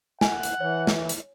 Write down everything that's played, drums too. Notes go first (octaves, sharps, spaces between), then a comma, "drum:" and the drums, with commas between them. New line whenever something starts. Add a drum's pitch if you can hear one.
F#5 G#5, drum: snare
drum: hi-hat
E3 C#5
drum: snare
drum: hi-hat